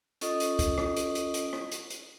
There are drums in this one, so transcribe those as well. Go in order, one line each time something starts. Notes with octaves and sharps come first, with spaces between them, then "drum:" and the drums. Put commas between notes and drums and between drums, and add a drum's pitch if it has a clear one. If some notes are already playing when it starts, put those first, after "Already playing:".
C#4 F4 A4 D#5 C#6 D#6, drum: hi-hat
drum: hi-hat
drum: kick, hi-hat
drum: rim click
drum: hi-hat
drum: hi-hat
drum: hi-hat
drum: rim click
drum: hi-hat
drum: hi-hat